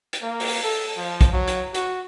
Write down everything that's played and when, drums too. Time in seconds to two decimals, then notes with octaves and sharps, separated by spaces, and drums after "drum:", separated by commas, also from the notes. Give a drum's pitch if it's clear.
0.13 drum: hi-hat
0.23 A#3
0.40 drum: open hi-hat
0.64 A4
0.97 F3
1.21 drum: kick, hi-hat
1.33 F#3
1.48 drum: hi-hat
1.74 F#4, drum: hi-hat